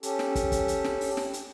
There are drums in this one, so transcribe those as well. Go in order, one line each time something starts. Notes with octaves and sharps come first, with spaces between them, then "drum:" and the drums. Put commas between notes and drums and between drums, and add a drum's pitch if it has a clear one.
C#4 G4 A4, drum: hi-hat
drum: snare
drum: kick, hi-hat
drum: kick, hi-hat
drum: hi-hat
drum: snare
drum: open hi-hat
drum: snare
drum: hi-hat